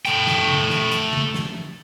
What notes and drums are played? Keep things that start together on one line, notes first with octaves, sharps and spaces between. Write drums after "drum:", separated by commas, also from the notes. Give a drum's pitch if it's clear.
A3 G5, drum: hi-hat
drum: snare
drum: tom C#3
drum: snare
drum: hi-hat
drum: tom C#3
drum: snare